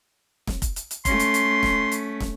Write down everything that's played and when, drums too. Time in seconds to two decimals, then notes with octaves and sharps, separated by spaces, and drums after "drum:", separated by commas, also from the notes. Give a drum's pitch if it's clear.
0.47 drum: snare
0.62 drum: kick F1, hi-hat
0.76 drum: hi-hat
0.91 drum: hi-hat
1.05 A3 C#4 C6, drum: kick F1, hi-hat
1.19 drum: hi-hat
1.34 drum: hi-hat
1.63 drum: snare
1.92 drum: hi-hat
2.20 drum: snare